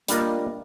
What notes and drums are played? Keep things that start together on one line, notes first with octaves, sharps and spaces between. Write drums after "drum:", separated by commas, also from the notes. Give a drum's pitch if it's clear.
G3 A#3 D4 F4 A#4 D#5, drum: hi-hat